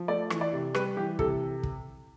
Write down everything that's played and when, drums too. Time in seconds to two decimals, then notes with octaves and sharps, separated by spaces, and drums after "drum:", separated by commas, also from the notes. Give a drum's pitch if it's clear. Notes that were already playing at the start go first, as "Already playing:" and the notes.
Already playing: F3
0.08 A3 D5
0.30 E3, drum: rim click
0.41 D5
0.53 C3
0.75 G3 B4, drum: rim click
0.97 E3 G4
1.19 C3 A4, drum: kick
1.63 drum: kick